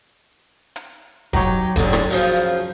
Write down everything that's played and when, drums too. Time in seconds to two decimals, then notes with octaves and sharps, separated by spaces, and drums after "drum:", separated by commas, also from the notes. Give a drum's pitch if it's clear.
0.76 drum: hi-hat
1.33 F#3 D#4 G4 C#5, drum: kick E1
1.76 D#2 D3 G#4, drum: kick E1
1.93 drum: rim click
2.10 F#2 C#3 F3, drum: open hi-hat